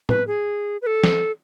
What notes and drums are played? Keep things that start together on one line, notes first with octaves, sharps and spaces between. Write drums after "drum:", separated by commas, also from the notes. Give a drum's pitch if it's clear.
B4, drum: tom
G#4
B4
A4
drum: snare